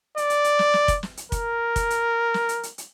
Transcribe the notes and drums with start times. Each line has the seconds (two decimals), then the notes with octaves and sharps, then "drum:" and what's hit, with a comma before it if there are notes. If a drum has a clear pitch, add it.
0.17 D5, drum: hi-hat
0.30 drum: hi-hat
0.44 drum: hi-hat
0.59 drum: snare
0.74 drum: snare
0.88 drum: kick, hi-hat
1.03 drum: snare
1.17 drum: hi-hat
1.32 A#4, drum: kick, hi-hat
1.76 drum: kick, hi-hat
1.90 drum: hi-hat
2.34 drum: snare
2.49 drum: hi-hat
2.63 drum: hi-hat
2.78 drum: hi-hat